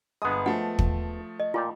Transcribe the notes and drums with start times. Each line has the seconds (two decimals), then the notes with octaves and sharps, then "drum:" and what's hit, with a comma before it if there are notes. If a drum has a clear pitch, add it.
0.22 G1 G#3 B3 D#6
0.46 F3 A3 F#5
0.79 drum: kick
1.40 D#5
1.54 A#2 F4 D5 G5